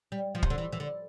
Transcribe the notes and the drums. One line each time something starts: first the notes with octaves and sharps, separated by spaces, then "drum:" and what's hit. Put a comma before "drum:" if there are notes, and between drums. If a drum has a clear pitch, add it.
G3
F3
C3, drum: kick
D3
E3
E3
D3